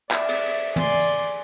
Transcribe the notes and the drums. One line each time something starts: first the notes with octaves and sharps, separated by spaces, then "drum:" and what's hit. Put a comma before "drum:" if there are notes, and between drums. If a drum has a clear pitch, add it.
D5 E5, drum: clap
drum: cymbal
D5 G#5 C6, drum: tom
drum: hi-hat